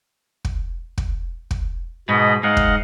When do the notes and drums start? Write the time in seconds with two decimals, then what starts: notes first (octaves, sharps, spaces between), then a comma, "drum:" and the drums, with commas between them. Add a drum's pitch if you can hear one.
0.45 drum: kick
0.98 drum: kick
1.51 drum: kick
2.09 G#2 B2 D#5 B5
2.43 G#2 D#5 F5 F#5
2.57 drum: kick